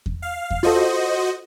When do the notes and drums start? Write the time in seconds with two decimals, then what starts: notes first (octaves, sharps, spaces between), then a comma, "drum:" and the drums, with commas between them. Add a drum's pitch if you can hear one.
0.06 drum: kick E2
0.22 F5
0.51 drum: kick E2
0.63 F4 F#4 A4 C5 D#5